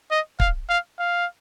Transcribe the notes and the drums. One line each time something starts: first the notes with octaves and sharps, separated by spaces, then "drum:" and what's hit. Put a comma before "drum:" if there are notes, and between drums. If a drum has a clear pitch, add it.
D#5
F5, drum: kick
F5
F5